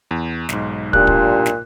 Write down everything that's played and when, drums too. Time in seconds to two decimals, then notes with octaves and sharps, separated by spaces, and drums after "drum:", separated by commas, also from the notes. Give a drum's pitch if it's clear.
0.11 E2
0.49 B1 G#2, drum: snare
0.93 A#2 D4 F4 G4 F#6, drum: kick
1.07 drum: kick
1.46 drum: snare